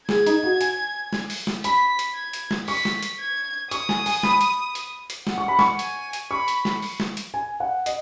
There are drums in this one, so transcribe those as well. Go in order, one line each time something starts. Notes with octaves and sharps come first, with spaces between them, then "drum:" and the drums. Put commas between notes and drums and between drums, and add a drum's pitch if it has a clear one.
G#4 G#6, drum: snare
D#4, drum: hi-hat
F#4
G#5, drum: hi-hat
drum: snare
drum: open hi-hat
drum: snare
B5 B6, drum: hi-hat
drum: hi-hat
G#6
drum: hi-hat
drum: snare
C#6 B6, drum: open hi-hat
drum: snare
drum: hi-hat
G#6
C#6 D#6, drum: hi-hat
G#5, drum: snare
G#5, drum: open hi-hat
B5, drum: snare
drum: hi-hat
drum: hi-hat
drum: hi-hat
F#5, drum: snare
C#6
B5
C#6, drum: snare
G#5, drum: hi-hat
drum: hi-hat
B5 C#6
drum: hi-hat
drum: snare
drum: open hi-hat
drum: snare
drum: hi-hat
G#5
F#5
D#5, drum: hi-hat